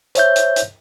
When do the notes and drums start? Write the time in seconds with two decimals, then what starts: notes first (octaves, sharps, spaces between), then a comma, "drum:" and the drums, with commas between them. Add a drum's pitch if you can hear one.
0.15 C5 C#5 E5 G6, drum: hi-hat
0.36 drum: hi-hat
0.56 drum: hi-hat